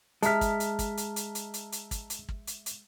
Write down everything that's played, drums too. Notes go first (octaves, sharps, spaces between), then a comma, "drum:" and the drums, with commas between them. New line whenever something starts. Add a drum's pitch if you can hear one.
G#3 E5 A5 A#5 F6 B6, drum: hi-hat
drum: kick, hi-hat
drum: hi-hat
drum: kick, hi-hat
drum: hi-hat
drum: hi-hat
drum: hi-hat
drum: hi-hat
drum: hi-hat
drum: kick, hi-hat
drum: hi-hat
drum: kick
drum: hi-hat
drum: hi-hat